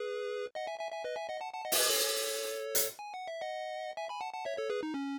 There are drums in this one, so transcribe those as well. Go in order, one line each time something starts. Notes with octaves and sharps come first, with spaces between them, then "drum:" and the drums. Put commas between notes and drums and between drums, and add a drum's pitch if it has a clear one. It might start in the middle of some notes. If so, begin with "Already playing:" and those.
Already playing: G#4 B4
D#5 F#5
E5 G#5
E5 G#5
E5 G#5
B4 D#5
E5 G#5
D#5 F#5
F#5 A5
F#5 A5
D#5 F#5
E5, drum: open hi-hat
B4 D#5
A4 C#5
drum: hi-hat
G#5
F#5
E5
D#5 F#5
E5 G#5
G#5 B5
F#5 A5
F#5 A5
C#5 E5
A4 C#5
G#4 B4
D#4
C#4